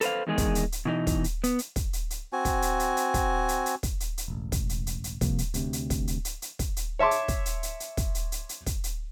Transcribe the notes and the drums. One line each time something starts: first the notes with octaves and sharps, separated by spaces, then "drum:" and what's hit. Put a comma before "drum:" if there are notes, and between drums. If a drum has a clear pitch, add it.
A4 B4 C5 F5, drum: hi-hat
E2 D#3 G#3 G#4
drum: kick, hi-hat
drum: hi-hat
drum: hi-hat
B2 E3 D#4
drum: kick, hi-hat
drum: hi-hat
B3, drum: hi-hat
drum: hi-hat
drum: kick, hi-hat
drum: hi-hat
drum: hi-hat
C4 F#4 G#5
drum: kick, hi-hat
drum: hi-hat
drum: hi-hat
drum: hi-hat
drum: kick, hi-hat
drum: hi-hat
drum: hi-hat
drum: kick, hi-hat
drum: hi-hat
drum: hi-hat
E1 A1
drum: kick, hi-hat
drum: hi-hat
drum: hi-hat
drum: hi-hat
C2 C3 F3 A#3, drum: kick, hi-hat
drum: hi-hat
D2 C3, drum: hi-hat
drum: hi-hat
drum: kick, hi-hat
drum: hi-hat
drum: hi-hat
drum: hi-hat
drum: kick, hi-hat
drum: hi-hat
C#5 E5 A5 C6 D6
drum: hi-hat
drum: kick, hi-hat
drum: hi-hat
drum: hi-hat
drum: hi-hat
drum: kick, hi-hat
drum: hi-hat
drum: hi-hat
drum: hi-hat
drum: kick, hi-hat
drum: hi-hat